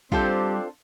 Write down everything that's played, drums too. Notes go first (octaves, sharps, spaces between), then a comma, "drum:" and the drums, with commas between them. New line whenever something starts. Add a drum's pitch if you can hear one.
G3 C4 D4 F4 G4 A4 C5, drum: kick